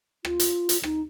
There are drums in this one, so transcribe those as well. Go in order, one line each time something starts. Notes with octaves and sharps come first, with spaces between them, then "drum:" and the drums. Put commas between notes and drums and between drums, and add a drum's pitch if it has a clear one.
F4, drum: rim click
drum: hi-hat
drum: hi-hat
D#4, drum: rim click